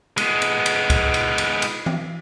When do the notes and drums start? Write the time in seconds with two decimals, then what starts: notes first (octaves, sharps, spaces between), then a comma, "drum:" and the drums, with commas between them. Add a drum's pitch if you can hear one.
0.18 G#3 B3, drum: cymbal
0.42 drum: cymbal
0.66 drum: cymbal
0.90 drum: kick C#2, cymbal
1.14 drum: cymbal
1.38 drum: cymbal
1.62 drum: cymbal
1.86 drum: tom E3